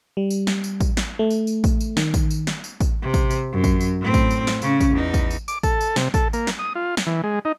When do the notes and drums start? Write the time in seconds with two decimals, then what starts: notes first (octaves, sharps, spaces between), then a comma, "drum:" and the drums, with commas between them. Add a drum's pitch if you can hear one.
0.17 G3
0.30 drum: tambourine
0.47 drum: snare
0.64 drum: tambourine
0.80 drum: kick, tambourine
0.97 drum: snare
1.19 A3
1.30 drum: tambourine
1.47 drum: tambourine
1.64 drum: kick, tambourine
1.80 drum: tambourine
1.97 D#3, drum: snare
2.14 drum: kick, tambourine
2.30 drum: tambourine
2.47 drum: snare
2.64 drum: tambourine
2.81 drum: kick, tambourine
3.02 C3
3.14 drum: kick, tambourine
3.31 drum: tambourine
3.52 F#2
3.64 drum: kick, tambourine
3.81 drum: tambourine
4.00 A2 C4
4.14 drum: kick, tambourine
4.31 drum: tambourine
4.47 drum: snare
4.62 C#3 C#4, drum: tambourine
4.81 drum: kick, tambourine
4.92 E2 D#4
5.14 drum: kick, tambourine
5.31 drum: tambourine
5.48 D6, drum: tambourine
5.63 A4, drum: kick, tambourine
5.81 drum: tambourine
5.96 C3, drum: snare
6.14 A4, drum: kick, tambourine
6.33 A#3, drum: tambourine
6.47 drum: snare
6.59 D#6
6.75 F4
6.97 drum: snare
7.07 E3
7.24 G#3
7.45 D#4